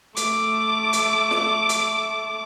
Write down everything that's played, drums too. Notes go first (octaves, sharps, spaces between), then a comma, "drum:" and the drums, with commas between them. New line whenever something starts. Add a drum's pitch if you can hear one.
A3 D6, drum: hi-hat
drum: hi-hat
drum: snare
drum: hi-hat